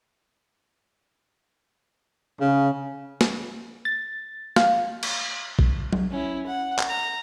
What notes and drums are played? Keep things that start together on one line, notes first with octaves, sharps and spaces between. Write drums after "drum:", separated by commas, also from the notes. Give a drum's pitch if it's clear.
C#3
drum: snare
A6
F5, drum: snare
drum: cymbal
drum: kick A#1
drum: tom F#3
C#4 E4
F#5
drum: clap
A#5